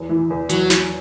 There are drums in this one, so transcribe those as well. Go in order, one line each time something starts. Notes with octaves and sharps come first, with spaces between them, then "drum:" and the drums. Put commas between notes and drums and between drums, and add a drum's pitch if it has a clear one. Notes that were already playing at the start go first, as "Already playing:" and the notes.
Already playing: E2
E3
E2
E2 F#3, drum: hi-hat
F#3, drum: snare